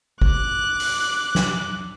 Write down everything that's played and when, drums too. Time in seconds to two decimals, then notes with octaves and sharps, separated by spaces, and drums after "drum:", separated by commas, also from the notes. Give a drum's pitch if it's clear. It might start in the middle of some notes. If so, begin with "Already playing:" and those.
0.22 D6 F#6, drum: kick
0.80 drum: open hi-hat
1.35 drum: snare